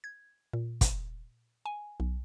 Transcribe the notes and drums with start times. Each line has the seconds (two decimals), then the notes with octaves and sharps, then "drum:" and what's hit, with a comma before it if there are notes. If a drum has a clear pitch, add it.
0.04 G#6
0.53 A#2
0.81 drum: kick, hi-hat
1.66 G#5
2.00 B1